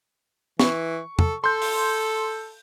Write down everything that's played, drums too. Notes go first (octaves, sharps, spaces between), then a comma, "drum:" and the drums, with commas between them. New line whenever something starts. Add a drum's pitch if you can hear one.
E3 C#6, drum: snare
A4, drum: tom E2
A4 C6 G6
drum: open hi-hat